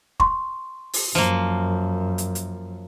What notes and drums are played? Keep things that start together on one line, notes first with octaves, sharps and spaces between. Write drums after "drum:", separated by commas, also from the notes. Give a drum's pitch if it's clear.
C6 C#6, drum: kick
drum: open hi-hat
F#2 F3 A#3
drum: hi-hat
drum: hi-hat